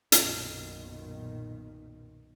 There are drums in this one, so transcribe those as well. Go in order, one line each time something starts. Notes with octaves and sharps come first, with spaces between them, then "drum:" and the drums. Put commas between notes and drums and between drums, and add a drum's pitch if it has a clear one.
B1 F#2 A#2 D#3, drum: hi-hat